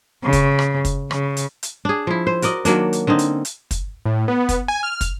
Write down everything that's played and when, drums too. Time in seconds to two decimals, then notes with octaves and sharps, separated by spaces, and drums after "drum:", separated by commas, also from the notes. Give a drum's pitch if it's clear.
0.23 C#3
0.33 drum: kick, hi-hat
0.59 drum: rim click
0.85 drum: kick, hi-hat
1.11 C#3, drum: rim click
1.37 drum: hi-hat
1.63 drum: hi-hat
1.85 D4 G#4
2.07 F3 E4
2.27 C5
2.42 F#4 A#4 D5 D#5, drum: hi-hat
2.65 D#3 F#3 A#3 D4, drum: hi-hat
2.93 drum: hi-hat
3.07 D3 C4 C#4 D#4
3.19 drum: hi-hat
3.45 drum: hi-hat
3.71 drum: kick, hi-hat
4.05 A2
4.28 B3
4.49 drum: kick, hi-hat
4.68 G#5
4.83 F6
5.01 drum: kick, hi-hat